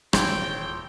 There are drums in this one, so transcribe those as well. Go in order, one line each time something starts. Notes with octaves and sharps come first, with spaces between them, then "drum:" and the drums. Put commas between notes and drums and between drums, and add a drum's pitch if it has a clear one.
D#1 G#1 E3 F4 C5 G5, drum: rim click